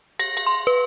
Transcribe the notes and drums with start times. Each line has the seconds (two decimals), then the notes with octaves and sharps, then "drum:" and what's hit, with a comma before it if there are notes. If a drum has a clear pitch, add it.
0.19 A#6, drum: cymbal
0.37 drum: cymbal
0.47 C6
0.67 B4